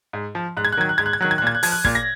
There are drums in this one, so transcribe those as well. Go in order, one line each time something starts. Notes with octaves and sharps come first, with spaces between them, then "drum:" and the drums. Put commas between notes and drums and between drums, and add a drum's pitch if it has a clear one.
G#2
F3
G#2 F#6
G#6
F#6
D#3 F#3 G#6
F#6
G#2 G#6
F#6
G#6
D#3 F#3 F#6
G#6
F#6
A#2 G#6
F#6
F3 G#6, drum: open hi-hat
F#6
A#2 G#6, drum: kick
A#6